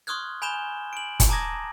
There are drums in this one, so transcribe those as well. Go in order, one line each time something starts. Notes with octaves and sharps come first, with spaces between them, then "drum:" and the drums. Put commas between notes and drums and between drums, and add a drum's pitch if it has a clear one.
C6 C#6 D#6 F6 F#6 G#6
G#5 B5 G6 E7 G7
D7 F#7
drum: kick, hi-hat
A5 A#5 D6 D#6 G#6 A#6